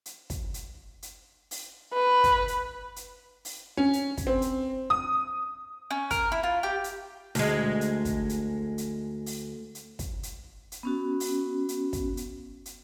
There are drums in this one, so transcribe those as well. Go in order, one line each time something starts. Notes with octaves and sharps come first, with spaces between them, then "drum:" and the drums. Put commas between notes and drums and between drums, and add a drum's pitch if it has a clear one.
drum: hi-hat
drum: kick, hi-hat
drum: hi-hat
drum: hi-hat
drum: open hi-hat
B4
drum: kick, hi-hat
drum: hi-hat
drum: hi-hat
drum: open hi-hat
C#4
drum: hi-hat
drum: kick, hi-hat
C4
drum: hi-hat
D#6
C#4
A#4, drum: kick, hi-hat
E4
F4
G4
drum: hi-hat
D2 G#3, drum: open hi-hat
drum: hi-hat
drum: kick, hi-hat
drum: hi-hat
drum: hi-hat
drum: open hi-hat
drum: hi-hat
drum: kick, hi-hat
drum: hi-hat
drum: hi-hat
B3 C#4 F#4
drum: open hi-hat
drum: hi-hat
drum: kick, hi-hat
drum: hi-hat
drum: hi-hat